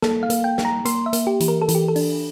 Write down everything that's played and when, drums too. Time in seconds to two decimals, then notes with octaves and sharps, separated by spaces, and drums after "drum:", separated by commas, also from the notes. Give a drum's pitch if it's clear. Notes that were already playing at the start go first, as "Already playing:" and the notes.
0.02 A#3 A4, drum: snare
0.23 F5
0.30 A#3, drum: hi-hat
0.44 G5
0.58 A#3, drum: snare
0.65 A#5
0.85 A#3 C6, drum: hi-hat
1.06 E5
1.13 A#3, drum: hi-hat
1.27 G4
1.40 E3, drum: hi-hat
1.48 A#4
1.62 A4
1.68 E3, drum: hi-hat
1.75 G4
1.88 A4
1.96 D4, drum: open hi-hat